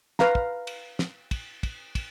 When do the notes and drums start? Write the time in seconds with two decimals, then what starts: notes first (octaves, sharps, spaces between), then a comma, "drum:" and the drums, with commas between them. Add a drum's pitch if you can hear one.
0.19 B4 F5 A#5, drum: snare
0.35 drum: kick
0.67 drum: cymbal
0.99 drum: snare
1.31 drum: kick, cymbal
1.63 drum: kick, cymbal
1.95 drum: kick, cymbal